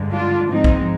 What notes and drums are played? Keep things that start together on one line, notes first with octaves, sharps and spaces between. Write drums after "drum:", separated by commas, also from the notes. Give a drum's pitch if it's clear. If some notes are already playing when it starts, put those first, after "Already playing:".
Already playing: G2 D3 G#3
D4 F4
G#2 F3 G#3 C4 D#4
drum: kick